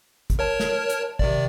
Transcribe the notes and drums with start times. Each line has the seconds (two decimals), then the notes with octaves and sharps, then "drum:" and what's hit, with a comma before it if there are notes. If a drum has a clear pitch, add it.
0.30 drum: kick, hi-hat
0.39 A#4 C#5 A5
0.60 drum: snare
0.89 drum: hi-hat
1.19 C3 D#3 D5, drum: kick